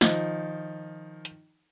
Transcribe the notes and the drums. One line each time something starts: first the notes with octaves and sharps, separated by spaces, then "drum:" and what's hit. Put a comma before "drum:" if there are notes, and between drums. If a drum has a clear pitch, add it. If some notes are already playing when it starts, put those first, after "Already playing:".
D#3 F3 D#4, drum: snare
drum: hi-hat